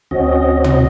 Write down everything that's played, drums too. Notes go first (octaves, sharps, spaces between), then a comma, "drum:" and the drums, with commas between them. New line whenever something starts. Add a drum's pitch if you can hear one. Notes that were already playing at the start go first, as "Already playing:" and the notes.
D2 C4 C#4 F#4 D#5
drum: tom